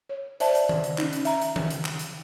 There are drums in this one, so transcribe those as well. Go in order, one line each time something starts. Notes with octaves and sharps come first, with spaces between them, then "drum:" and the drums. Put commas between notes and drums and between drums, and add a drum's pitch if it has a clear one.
C#5
C5 D5 E5 A5, drum: hi-hat
drum: hi-hat
drum: tom D#3
drum: hi-hat
C#4 D#4, drum: clap
drum: hi-hat
E5 A#5, drum: hi-hat
drum: hi-hat
drum: tom D#3
drum: hi-hat
drum: clap
drum: hi-hat